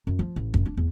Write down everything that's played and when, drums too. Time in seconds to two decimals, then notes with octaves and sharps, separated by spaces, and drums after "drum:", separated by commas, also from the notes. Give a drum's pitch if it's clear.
0.07 F#2
0.19 F3
0.36 A1
0.54 F#2, drum: kick
0.66 D4
0.77 E2